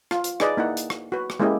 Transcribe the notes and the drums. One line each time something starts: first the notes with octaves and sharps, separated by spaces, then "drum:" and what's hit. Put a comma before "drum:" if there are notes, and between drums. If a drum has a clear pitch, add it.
F4, drum: rim click
drum: hi-hat
D#4 G#4 B4 D5 D#5, drum: rim click
A#3 D#4 E4 F#5
drum: hi-hat
drum: rim click
F#4 B4
drum: rim click
G#3 A#3 C#4 E4 G4 D#5